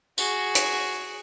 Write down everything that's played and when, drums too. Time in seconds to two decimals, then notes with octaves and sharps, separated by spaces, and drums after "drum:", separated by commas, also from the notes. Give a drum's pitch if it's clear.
0.18 F#4 G#4, drum: tambourine
0.55 drum: hi-hat